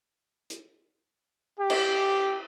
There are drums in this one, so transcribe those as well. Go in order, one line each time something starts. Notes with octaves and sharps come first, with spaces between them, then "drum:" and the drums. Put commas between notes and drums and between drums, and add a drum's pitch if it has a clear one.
drum: hi-hat
G4
drum: cymbal